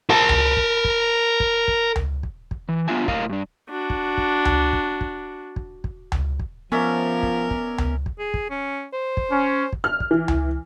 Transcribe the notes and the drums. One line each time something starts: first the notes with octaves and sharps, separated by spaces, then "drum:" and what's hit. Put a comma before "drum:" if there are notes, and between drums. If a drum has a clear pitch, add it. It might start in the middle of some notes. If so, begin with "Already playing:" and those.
A#4 A5
drum: tom C#2
drum: kick
drum: kick
drum: kick
drum: kick
drum: tom C#2
drum: kick
drum: kick
E3
B3 D4 F4 E5 G#5
A2 A#4 D#5 F5, drum: kick
G2 D4
D4 F#4
drum: kick
drum: kick
drum: tom C#2
drum: kick
drum: kick
drum: kick
drum: kick
drum: tom C#2
drum: kick
F3 B3 C#4 A#4 D5 E5
drum: kick
drum: kick
drum: tom C#2
drum: kick
G#4
drum: kick
C#4
C5
drum: kick
C#4
drum: kick
F6
drum: kick
E3
drum: tom C#2